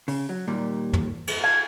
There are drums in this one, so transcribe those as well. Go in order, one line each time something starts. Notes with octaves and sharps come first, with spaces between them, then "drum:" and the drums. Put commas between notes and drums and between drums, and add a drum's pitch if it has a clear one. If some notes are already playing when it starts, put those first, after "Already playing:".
C#3, drum: open hi-hat
F#3
D#2 A#2 G3
drum: tom
drum: cymbal
F5 A5 G#6